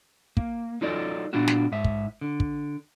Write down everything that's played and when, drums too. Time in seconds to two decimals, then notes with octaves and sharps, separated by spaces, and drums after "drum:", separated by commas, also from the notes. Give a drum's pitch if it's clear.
0.37 A#3, drum: kick
0.81 F#3 D#4 F4 A4 D5 D#5
1.33 A#2 B3 D4 F4 F#4
1.48 drum: snare
1.72 G#2 E5
1.84 drum: kick
2.21 D3
2.40 drum: kick